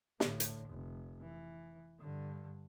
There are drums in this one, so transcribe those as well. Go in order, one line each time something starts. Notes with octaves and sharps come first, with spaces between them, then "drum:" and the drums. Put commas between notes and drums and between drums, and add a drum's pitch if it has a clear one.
A2 D3, drum: snare
drum: hi-hat
F1
E3
G2 D3